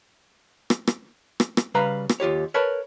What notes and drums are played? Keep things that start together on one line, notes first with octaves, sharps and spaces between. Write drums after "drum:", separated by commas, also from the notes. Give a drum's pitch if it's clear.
drum: rim click
drum: rim click
drum: rim click
drum: rim click
C#3 G3 B4 F5 A#5
drum: rim click
D#2 F4 G4 C#5
A#4 B4 C#5 A5